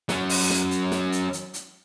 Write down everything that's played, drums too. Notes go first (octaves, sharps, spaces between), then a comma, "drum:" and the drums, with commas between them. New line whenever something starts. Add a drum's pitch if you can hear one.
F#3 C#4, drum: snare
drum: open hi-hat
drum: snare
drum: hi-hat
drum: snare
drum: hi-hat
drum: hi-hat
drum: hi-hat